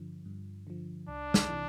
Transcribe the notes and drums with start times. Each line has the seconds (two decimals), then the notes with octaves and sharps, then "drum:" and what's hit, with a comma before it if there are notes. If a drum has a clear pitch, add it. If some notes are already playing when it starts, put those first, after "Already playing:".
Already playing: G2 D3 F3
0.26 G2
0.67 D3 F3
1.08 C2 D4
1.34 drum: snare
1.49 C3 E3